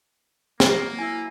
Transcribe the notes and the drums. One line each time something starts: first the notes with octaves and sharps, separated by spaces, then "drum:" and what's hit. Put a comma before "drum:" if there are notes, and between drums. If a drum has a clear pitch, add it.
F#3 A#3 F#4, drum: snare
E4 G#5